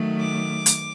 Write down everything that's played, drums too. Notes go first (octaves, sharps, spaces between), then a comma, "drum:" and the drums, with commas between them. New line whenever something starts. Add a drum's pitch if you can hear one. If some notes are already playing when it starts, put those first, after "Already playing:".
Already playing: D#3 F#3 A3
D6
drum: hi-hat